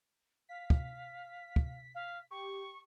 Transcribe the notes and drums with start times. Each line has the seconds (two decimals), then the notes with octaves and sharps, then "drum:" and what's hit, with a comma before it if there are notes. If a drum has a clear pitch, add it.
0.49 F5 B6
0.70 drum: kick
1.56 drum: kick
1.94 F5
2.31 G4 C#6